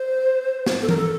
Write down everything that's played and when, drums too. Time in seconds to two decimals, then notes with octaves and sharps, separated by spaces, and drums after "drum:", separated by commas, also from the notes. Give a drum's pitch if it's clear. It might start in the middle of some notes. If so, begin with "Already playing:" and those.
Already playing: C5
0.66 drum: snare
0.82 A4
0.89 A#4, drum: tom E3
0.97 A4